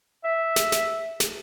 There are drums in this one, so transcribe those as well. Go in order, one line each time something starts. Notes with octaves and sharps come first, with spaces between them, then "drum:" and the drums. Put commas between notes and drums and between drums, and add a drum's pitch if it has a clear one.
E5
drum: snare
drum: snare
drum: snare